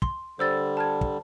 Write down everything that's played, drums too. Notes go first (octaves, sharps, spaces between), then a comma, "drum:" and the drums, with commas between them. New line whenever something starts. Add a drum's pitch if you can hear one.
C6, drum: kick
D3 G3 C5 E6 A6
A5 F6 G#6
drum: kick